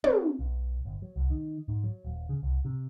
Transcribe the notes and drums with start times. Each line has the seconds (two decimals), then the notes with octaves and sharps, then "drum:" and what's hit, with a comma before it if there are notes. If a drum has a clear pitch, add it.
0.04 C4, drum: tom
0.39 B1
0.85 G1
1.02 F#3
1.16 C2
1.30 D#3
1.68 G#2
1.84 F#3
2.04 D#1
2.29 C#3
2.43 C2
2.65 C3